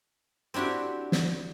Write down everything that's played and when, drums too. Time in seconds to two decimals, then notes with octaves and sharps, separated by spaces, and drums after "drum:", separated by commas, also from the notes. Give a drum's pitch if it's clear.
0.54 C4 D4 E4 F#4 G4
1.12 drum: snare